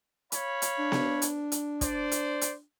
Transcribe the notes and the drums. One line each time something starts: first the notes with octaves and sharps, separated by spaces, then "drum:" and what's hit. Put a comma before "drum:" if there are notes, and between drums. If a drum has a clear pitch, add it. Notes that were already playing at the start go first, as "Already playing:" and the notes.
C#5 F5 B5, drum: hi-hat
drum: hi-hat
D4
drum: snare B3
drum: hi-hat
drum: hi-hat
C5 D5, drum: kick, hi-hat
drum: hi-hat
drum: hi-hat